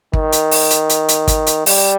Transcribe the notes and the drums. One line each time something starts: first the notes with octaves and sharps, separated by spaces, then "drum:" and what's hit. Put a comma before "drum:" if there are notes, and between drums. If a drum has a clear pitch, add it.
D#3, drum: kick
drum: hi-hat
drum: open hi-hat
drum: hi-hat
drum: hi-hat
drum: hi-hat
drum: kick, hi-hat
drum: hi-hat
G3, drum: open hi-hat